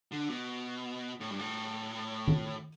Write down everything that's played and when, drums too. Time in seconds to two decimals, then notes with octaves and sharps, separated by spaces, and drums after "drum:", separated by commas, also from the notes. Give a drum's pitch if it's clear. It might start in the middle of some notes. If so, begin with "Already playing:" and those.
0.12 D3
0.29 B2
1.20 A2
1.30 G2
1.39 A2
2.28 drum: tom D#3